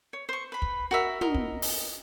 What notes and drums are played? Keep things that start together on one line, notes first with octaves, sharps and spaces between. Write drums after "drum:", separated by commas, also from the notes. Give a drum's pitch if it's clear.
C#5
C5 C#6
B4 B5
drum: kick
F#4 A#4 E5
A#4 D#5, drum: tom
drum: kick
drum: open hi-hat